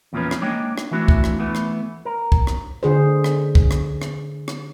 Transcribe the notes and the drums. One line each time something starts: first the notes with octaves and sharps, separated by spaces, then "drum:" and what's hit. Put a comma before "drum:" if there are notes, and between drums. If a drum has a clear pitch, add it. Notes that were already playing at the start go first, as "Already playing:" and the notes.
E2 A#2 F3 C#4 B4
drum: rim click
G#3 A#3 D4 C#5 D#5 G5
drum: rim click
E3 A3 B3 D4 E4 F#4
drum: kick
drum: rim click
E3 A3 B3 E4
drum: rim click
A#4
drum: kick
drum: rim click
D3 G#4 C5
drum: rim click
drum: kick
drum: rim click
drum: rim click
drum: rim click